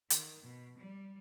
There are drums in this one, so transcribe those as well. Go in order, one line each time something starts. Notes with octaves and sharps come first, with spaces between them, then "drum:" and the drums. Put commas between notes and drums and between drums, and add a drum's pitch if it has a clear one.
D#3, drum: hi-hat
B2
G3